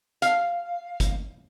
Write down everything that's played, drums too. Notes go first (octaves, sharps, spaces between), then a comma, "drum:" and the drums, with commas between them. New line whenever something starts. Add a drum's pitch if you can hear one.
F5, drum: hi-hat
drum: kick G1, hi-hat